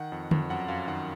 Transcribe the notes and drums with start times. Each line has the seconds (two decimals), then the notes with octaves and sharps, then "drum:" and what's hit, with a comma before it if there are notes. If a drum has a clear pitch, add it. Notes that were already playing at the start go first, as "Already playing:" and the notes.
Already playing: D#3 F#5
0.12 F2
0.31 F2, drum: tom
0.50 F#2 F#5
0.68 F#2 F5
0.87 D#3 F#5